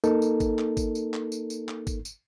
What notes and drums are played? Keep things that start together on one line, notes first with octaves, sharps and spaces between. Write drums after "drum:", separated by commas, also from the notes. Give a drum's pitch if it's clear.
A#3 D#4 A4 A#4, drum: tambourine
drum: tambourine
drum: kick G#1, tambourine
drum: clap
drum: kick G#1, tambourine
drum: tambourine
drum: clap
drum: tambourine
drum: tambourine
drum: clap
drum: kick G#1, tambourine
drum: tambourine